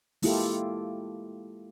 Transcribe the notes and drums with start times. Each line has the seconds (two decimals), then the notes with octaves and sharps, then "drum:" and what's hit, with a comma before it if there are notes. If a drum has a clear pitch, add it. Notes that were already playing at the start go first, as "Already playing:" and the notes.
0.22 G#3 A#3 E4 F4 G4 A4, drum: open hi-hat